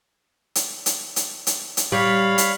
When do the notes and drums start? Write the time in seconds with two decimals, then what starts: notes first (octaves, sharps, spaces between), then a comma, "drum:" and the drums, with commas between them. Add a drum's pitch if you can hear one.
0.55 drum: hi-hat
0.86 drum: hi-hat
1.16 drum: hi-hat
1.47 drum: hi-hat
1.77 drum: hi-hat
1.92 G3 C#5 F5 B5
2.38 drum: hi-hat